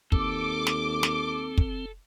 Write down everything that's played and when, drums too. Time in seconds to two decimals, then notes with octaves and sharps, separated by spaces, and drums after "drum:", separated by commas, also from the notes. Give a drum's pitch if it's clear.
0.12 D#2 C4 A4 D6, drum: kick
0.67 drum: snare
1.03 drum: snare
1.58 drum: kick